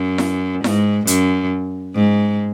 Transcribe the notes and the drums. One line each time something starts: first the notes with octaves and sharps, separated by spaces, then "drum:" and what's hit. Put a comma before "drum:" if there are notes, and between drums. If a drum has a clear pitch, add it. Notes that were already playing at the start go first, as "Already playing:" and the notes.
Already playing: F#2
drum: snare E4
G#2, drum: snare E4
F#2, drum: hi-hat
G#2